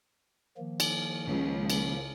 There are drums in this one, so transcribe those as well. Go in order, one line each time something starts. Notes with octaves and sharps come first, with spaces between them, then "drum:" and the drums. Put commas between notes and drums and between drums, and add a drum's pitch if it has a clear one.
D#3 F3 A#3
drum: cymbal
C#2
drum: cymbal